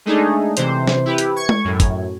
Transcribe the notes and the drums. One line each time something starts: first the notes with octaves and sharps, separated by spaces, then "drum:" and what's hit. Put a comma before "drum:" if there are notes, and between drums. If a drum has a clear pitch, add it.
G#3 A3 D4 D#4 G#4
C3 E3 C5, drum: hi-hat
drum: snare
E4 G4 B4
drum: hi-hat
C#6 G#6
drum: tom G#3
F#2 A2
drum: kick, hi-hat